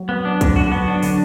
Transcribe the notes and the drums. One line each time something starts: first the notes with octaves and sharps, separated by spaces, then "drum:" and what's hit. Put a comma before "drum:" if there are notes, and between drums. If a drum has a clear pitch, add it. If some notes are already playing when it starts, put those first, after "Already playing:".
Already playing: F#3
B3
D4
D3 F#3, drum: kick, hi-hat
F#4
B3
D4
D3, drum: open hi-hat